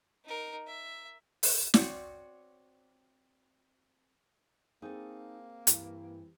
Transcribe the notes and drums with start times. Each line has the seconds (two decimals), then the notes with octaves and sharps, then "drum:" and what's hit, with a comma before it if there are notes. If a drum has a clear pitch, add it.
0.24 D#4 A#4
0.67 E5
1.43 drum: open hi-hat
1.74 C4 F#4 C#5 D5, drum: snare
4.82 A#3 C4 D#4 G#4 A4
5.67 G2 E3, drum: hi-hat